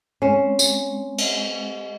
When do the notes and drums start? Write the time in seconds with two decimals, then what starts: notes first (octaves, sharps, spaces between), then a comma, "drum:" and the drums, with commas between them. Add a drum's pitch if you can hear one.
0.22 G#3 C4 C#4
0.59 drum: tambourine
1.18 drum: cymbal